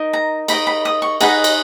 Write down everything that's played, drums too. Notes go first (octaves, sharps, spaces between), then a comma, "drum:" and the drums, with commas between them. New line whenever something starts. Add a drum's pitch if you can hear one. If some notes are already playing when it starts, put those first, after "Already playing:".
Already playing: D#4 A#4 D#5
A#5
D#4 A#4 D#5 B5, drum: cymbal
B5
D#6
C#6
D#4 G#4 B4 D#5 F#5, drum: cymbal
drum: cymbal